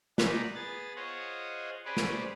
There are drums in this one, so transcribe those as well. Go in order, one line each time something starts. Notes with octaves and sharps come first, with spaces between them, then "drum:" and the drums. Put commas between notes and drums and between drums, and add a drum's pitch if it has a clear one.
D#4 G#4 D5 F#5 A#5 B5, drum: snare
B3 G#4 A6
F4 G#4 C5 C#5 D#5 F#5
C#4 G4 G#4 B4 C5 D5
drum: snare